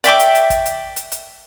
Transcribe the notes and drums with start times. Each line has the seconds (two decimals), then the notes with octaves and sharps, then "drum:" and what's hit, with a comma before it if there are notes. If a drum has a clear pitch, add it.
0.04 D5 E5 G5 D6, drum: hi-hat
0.19 drum: hi-hat
0.35 drum: hi-hat
0.50 drum: kick, hi-hat
0.65 drum: hi-hat
0.96 drum: hi-hat
1.12 drum: hi-hat